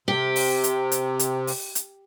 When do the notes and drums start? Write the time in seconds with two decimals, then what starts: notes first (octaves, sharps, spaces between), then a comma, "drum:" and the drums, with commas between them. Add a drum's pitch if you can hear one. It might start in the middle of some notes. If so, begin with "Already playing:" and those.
0.08 C3 G4
0.36 drum: open hi-hat
0.64 drum: hi-hat
0.92 drum: hi-hat
1.19 drum: hi-hat
1.47 drum: open hi-hat
1.75 drum: hi-hat